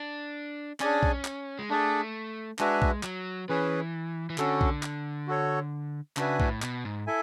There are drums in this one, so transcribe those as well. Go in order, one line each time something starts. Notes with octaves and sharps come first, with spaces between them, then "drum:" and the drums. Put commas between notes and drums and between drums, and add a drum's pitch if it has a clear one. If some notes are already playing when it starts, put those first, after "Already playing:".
Already playing: D4
C#4 D4 G#4 D5 G#5, drum: clap
drum: kick B1
drum: clap
G#3
A3 D4 G#4 D5
G#3 D4 F#4 B4 E5 G#5, drum: clap
drum: kick B1
F#3, drum: clap
E3 C#4 G#4 B4
E3
D3 C#4 F#4 A4, drum: clap
drum: kick B1
drum: clap
F#4 A4 C#5
C#3 D4 F#4 B4 E5 G#5, drum: clap
A2, drum: kick B1
B2, drum: clap
G#2
E4 A4 E5 G#5